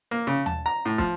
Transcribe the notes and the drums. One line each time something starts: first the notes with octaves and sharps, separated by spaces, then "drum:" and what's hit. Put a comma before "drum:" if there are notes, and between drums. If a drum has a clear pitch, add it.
A#3
C#3
A5, drum: tom D#2
A#5
A2
F3, drum: kick